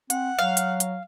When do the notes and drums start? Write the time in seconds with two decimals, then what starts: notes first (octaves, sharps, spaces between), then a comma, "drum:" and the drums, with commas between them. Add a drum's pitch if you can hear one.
0.10 C4 F#5, drum: hi-hat
0.39 F#3 F5
0.57 drum: hi-hat
0.80 drum: hi-hat